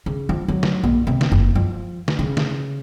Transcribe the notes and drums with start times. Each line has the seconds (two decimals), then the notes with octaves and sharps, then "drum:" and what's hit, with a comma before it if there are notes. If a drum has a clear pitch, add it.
0.06 C#3
0.29 F3
0.48 F#3
0.63 drum: snare
0.83 A#1
1.07 C3
1.21 drum: snare
1.32 F#1
1.55 F3
2.08 drum: snare
2.19 C#3
2.37 drum: snare